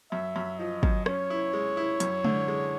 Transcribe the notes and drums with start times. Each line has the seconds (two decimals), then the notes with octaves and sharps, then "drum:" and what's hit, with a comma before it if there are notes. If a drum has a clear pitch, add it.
0.11 F#2 E5
0.36 F#2
0.58 F3 D#5
0.83 F#2, drum: kick
1.06 C#4 C#5, drum: rim click
1.30 E4
1.53 G#3
1.77 E4
2.00 F#2, drum: hi-hat
2.24 D3, drum: tom G#3
2.48 G#3